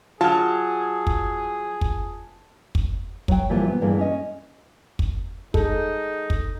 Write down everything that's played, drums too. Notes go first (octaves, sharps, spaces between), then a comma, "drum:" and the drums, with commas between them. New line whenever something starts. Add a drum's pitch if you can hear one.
F#3 F4 G#4 A5 F6
drum: kick
drum: kick
drum: kick
F#3 G5, drum: kick
A#2 E3 F3 G3 A#3 E4
E3 B3
G2 A#2 E3 G#3 A#3
C#4 D#5
drum: kick
G#3 D#4 A4, drum: kick
drum: kick